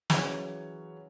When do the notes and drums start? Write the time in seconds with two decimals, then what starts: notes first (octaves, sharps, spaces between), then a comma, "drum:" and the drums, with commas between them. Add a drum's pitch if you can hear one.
0.10 C#3 E3 F#3 C#4 C#5, drum: snare